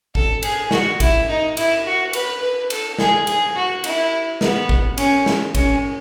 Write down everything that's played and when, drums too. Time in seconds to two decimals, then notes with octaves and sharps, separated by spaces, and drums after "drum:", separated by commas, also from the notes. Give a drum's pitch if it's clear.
0.15 A4, drum: kick G#1
0.43 G#4, drum: cymbal
0.71 F#4, drum: snare
1.00 E4, drum: kick G#1, cymbal
1.28 D#4
1.57 E4, drum: cymbal
1.85 F#4
2.13 B4, drum: cymbal
2.42 B4
2.70 A4, drum: cymbal
2.99 G#4, drum: snare
3.27 G#4, drum: cymbal
3.55 F#4
3.84 E4, drum: cymbal
4.41 B3, drum: snare
4.69 drum: kick G#1
4.98 C#4, drum: cymbal
5.26 drum: snare
5.55 C#4, drum: kick G#1, cymbal